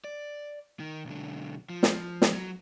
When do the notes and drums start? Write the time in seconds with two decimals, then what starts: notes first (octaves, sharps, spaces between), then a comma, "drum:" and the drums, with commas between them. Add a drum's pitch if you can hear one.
0.04 D5
0.80 D#3
1.05 B1 D3
1.70 F3
1.83 drum: snare
2.22 drum: snare
2.33 F#3